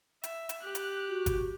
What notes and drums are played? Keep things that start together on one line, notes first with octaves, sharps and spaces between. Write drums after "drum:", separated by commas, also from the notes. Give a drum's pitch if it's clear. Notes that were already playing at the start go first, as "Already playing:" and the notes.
E5, drum: hi-hat
drum: hi-hat
G4 F#6
drum: hi-hat
F#4
drum: kick G1, hi-hat